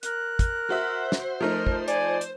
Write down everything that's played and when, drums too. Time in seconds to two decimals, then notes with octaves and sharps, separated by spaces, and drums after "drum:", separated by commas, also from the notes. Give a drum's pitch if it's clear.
0.03 A#4 F#6, drum: hi-hat
0.39 drum: kick, hi-hat
0.70 F#4 C5 E5
1.12 drum: snare
1.40 F3 A3 D#4 A#4
1.67 drum: kick
1.88 D5 G#5, drum: hi-hat
2.21 drum: hi-hat